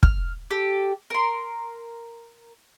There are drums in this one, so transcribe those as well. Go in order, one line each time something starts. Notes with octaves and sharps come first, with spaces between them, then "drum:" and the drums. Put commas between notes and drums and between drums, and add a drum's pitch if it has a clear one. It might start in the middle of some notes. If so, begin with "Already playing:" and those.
F6, drum: kick
G4 A4
A#4 C6